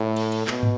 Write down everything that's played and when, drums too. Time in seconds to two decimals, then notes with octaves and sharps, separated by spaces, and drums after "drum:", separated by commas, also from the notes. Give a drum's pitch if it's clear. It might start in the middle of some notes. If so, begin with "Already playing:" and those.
Already playing: A2
0.16 drum: cymbal
0.32 drum: cymbal
0.47 B2, drum: clap
0.63 drum: tom